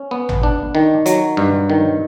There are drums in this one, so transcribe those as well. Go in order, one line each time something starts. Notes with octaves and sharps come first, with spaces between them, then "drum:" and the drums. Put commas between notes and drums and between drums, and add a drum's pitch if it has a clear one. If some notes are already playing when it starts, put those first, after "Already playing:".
Already playing: C#4
B3
drum: tom G#1
D4
D#3
F#3, drum: hi-hat
G2
D#3